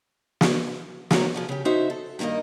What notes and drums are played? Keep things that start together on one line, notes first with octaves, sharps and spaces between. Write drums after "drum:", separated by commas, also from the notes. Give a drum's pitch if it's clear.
drum: snare
F#3 A3 F#4 G#4 A#4 C#5, drum: snare
D3 F3 G#4
C#3 G4
C#4 D#4 F#4 C5 E5
A4
G2 D#3 A#3 A#4 D#5